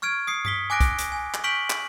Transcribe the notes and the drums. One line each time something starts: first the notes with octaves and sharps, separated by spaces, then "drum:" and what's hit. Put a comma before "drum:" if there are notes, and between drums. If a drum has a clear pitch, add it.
C#6 F6 G#6 D7
D#6 C7 C#7
D#6 B6 G7, drum: tom G2
G#5 D6 F#6 A#6 D7
drum: kick, hi-hat
drum: hi-hat
G#5
drum: clap
C#6 F6 G6 B6 D7 F#7
drum: clap